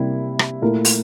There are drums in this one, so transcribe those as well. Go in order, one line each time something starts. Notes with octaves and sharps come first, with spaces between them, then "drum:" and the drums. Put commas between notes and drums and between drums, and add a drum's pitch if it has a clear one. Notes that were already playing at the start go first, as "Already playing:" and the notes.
Already playing: C3 G3 A#3 E4 G4
drum: rim click
A#2 A3 E4 A#4
drum: open hi-hat